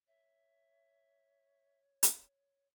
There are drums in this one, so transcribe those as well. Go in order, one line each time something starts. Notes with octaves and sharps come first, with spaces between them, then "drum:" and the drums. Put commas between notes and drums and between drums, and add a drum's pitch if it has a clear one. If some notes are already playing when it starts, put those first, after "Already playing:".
C#5 E5
drum: hi-hat